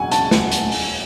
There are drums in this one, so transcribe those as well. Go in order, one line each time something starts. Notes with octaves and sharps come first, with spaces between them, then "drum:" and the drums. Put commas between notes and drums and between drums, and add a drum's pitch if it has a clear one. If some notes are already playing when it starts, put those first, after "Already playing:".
Already playing: E1 C#3 F#3 F#5 G#5
A5, drum: hi-hat
drum: snare
drum: hi-hat
drum: open hi-hat